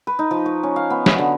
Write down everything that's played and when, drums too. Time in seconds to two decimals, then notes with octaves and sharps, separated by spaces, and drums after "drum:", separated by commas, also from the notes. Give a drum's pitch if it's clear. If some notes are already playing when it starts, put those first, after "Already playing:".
0.07 B4
0.19 D#4
0.31 F3
0.46 C#6
0.63 C#4
0.76 F5
0.90 B3
1.06 F#4, drum: snare
1.19 D3